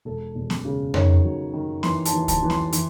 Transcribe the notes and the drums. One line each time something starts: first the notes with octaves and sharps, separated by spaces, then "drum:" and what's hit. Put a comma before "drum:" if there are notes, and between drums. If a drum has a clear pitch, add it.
E1 A4
E1
drum: snare B3
C#3
D#3 C#5, drum: tom F2
F#3
D#3
E3 C6, drum: snare B3
A5, drum: hi-hat
E3
A5, drum: kick C#2, hi-hat
E3
C6, drum: snare B3
E3, drum: hi-hat